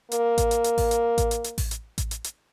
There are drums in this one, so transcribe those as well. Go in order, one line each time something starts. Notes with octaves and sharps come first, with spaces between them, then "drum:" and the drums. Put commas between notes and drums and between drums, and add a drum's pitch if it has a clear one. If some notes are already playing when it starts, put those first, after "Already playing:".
A#3, drum: hi-hat
drum: kick A1, hi-hat
drum: hi-hat
drum: hi-hat
drum: kick A1, open hi-hat
drum: hi-hat
drum: kick A1, hi-hat
drum: hi-hat
drum: hi-hat
drum: kick A1, open hi-hat
drum: hi-hat
drum: kick A1, hi-hat
drum: hi-hat
drum: hi-hat